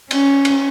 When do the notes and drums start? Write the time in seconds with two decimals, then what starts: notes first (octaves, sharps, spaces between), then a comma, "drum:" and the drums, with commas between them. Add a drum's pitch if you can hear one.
0.11 C#4, drum: cymbal
0.45 drum: cymbal